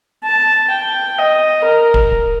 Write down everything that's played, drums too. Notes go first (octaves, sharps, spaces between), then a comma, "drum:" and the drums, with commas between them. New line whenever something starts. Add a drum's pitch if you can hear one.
A5
G5
D#5
A#4
drum: kick